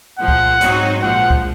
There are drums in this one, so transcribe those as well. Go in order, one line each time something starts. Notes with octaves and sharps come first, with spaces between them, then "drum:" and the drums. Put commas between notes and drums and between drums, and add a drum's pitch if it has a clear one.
A#2 F3 G#3 F#5
drum: kick C2
G#2 F#3 C4 D#4 F#4, drum: hi-hat
A#1 A#2 F3 G#3 F#5
drum: kick C2